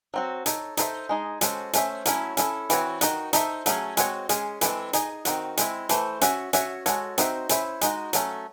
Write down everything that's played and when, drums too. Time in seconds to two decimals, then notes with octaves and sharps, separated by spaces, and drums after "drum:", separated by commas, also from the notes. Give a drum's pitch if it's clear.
0.14 F#3 C4 F#4
0.46 D#4 A4 C#5, drum: hi-hat
0.77 D#4 A4 C5 E5, drum: hi-hat
1.09 G#3 D#4 G#4
1.41 G#3 C#4 F#4 A4 C5, drum: hi-hat
1.73 A3 C#4 F#4 C5 E5, drum: hi-hat
2.05 F#3 A3 C#4 E4, drum: hi-hat
2.37 C#4 E4 A4, drum: hi-hat
2.70 E3 C4 F#4 C#5, drum: hi-hat
3.01 D#3 A3 D#4 F#4, drum: hi-hat
3.33 D#4 A4 C5 E5, drum: hi-hat
3.66 F#3 A3 C#4 G#4, drum: hi-hat
3.97 G#3 C4 F#4 A4 C#5, drum: hi-hat
4.29 G#3 C#4 G#4, drum: hi-hat
4.61 E3 G#3 C4 E4 A4, drum: hi-hat
4.93 D#4 G#4 D#5, drum: hi-hat
5.25 D#3 F#3 C4 F#4, drum: hi-hat
5.57 G#3 C4 E4, drum: hi-hat
5.89 E3 A3 C5, drum: hi-hat
6.21 C#4 F#4 C#5 E5, drum: hi-hat
6.53 C#4 F#4 C#5 E5, drum: hi-hat
6.86 G#3 C4 F#4 A4 C#5, drum: hi-hat
7.18 C4 D#4 F#4 C5 E5, drum: hi-hat
7.49 C#4 E4 C5 E5, drum: hi-hat
7.81 G#3 D#4 F#4, drum: hi-hat
8.13 F#3 A3 C#4, drum: hi-hat